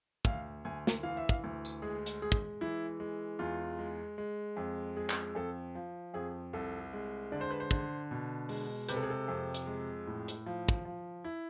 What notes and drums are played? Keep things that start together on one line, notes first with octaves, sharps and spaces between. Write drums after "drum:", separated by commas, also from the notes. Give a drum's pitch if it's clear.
D2 F5, drum: kick
D2 G#5
drum: snare
E3 F5
E5
F5, drum: kick
D2
drum: tambourine
G#3 G#4
drum: hi-hat
G#3 G#4
drum: kick
E3 E4
G#3
E2 F4
G#3
G#3
F2
G#3 G#4
drum: clap
F2 A4
F3
F2 G#4
C2 A4
G#3
D3 D5
C5
B4
C5
D3, drum: kick
B2
G#3, drum: open hi-hat
C3 B4, drum: hi-hat
A4
G#4
A4
F2
drum: hi-hat
G#3
A2
drum: hi-hat
F3
drum: kick
F3
E4